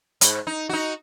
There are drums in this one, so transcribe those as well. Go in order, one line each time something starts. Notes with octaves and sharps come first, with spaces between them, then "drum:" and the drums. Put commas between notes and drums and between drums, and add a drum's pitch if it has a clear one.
G#2, drum: hi-hat
D#4
D#4 F#4